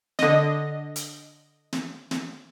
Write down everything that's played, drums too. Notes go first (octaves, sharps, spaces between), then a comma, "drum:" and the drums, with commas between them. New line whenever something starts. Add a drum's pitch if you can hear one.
D3 D#5, drum: snare
drum: hi-hat
drum: snare
drum: snare